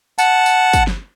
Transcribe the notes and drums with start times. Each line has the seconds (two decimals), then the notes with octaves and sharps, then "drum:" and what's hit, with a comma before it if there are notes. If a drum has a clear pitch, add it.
0.19 F#5 A5, drum: tambourine
0.46 drum: tambourine
0.73 drum: kick, tambourine
0.87 drum: snare